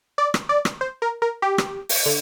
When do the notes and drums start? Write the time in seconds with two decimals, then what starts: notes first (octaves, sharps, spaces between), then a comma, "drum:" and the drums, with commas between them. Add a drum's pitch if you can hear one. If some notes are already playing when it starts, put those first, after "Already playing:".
0.18 D5
0.34 drum: rim click
0.49 D5
0.65 drum: rim click
0.81 C5
1.02 A#4
1.22 A#4
1.42 G4
1.58 drum: rim click
1.89 drum: open hi-hat
2.06 D3